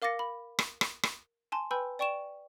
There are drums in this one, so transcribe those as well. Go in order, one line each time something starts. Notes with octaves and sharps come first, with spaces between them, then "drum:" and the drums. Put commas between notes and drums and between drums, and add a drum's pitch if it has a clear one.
A#4 F5 D6 A6 A#6 C#7
B5
drum: rim click
drum: rim click
drum: rim click
G#5 A5 C6
B4 G5 G#5 B5 E6 G6
D5 G5 C#6 D7 E7